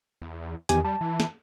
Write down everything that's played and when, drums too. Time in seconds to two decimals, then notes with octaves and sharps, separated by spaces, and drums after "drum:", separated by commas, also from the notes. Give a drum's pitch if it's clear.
0.22 E2
0.69 E2 D#3 G4 G#5, drum: hi-hat
0.85 G3 A5
1.01 E3
1.20 drum: snare